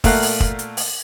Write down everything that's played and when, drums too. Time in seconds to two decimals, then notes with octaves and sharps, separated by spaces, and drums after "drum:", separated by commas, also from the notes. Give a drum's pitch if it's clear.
0.04 A#2 A3 A#4 F5 F#5, drum: kick, open hi-hat
0.22 drum: open hi-hat
0.40 drum: kick
0.59 drum: hi-hat
0.77 drum: open hi-hat